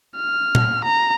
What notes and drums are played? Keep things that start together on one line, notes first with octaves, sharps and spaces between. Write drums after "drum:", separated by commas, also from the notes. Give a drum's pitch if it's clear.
F6
drum: tom A#2
A#5